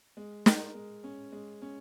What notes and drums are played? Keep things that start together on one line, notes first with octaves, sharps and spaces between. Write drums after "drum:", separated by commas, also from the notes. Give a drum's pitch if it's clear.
G#3
A#4, drum: snare
G#3
C#4
G#3
C#4